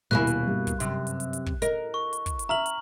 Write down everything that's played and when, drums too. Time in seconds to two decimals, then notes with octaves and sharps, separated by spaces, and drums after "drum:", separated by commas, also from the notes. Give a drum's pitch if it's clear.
0.11 D#1 B2 A#3 E4 G#5 F#6
0.27 drum: hi-hat
0.47 G2
0.67 drum: kick, hi-hat
0.80 F#2 C3, drum: hi-hat
1.07 drum: hi-hat
1.20 drum: hi-hat
1.33 drum: hi-hat
1.46 drum: kick
1.62 A#4 D#5, drum: hi-hat
1.94 C#6
2.13 drum: hi-hat
2.26 drum: kick, hi-hat
2.39 drum: hi-hat
2.49 E5 A#5 F6 F#7
2.66 drum: hi-hat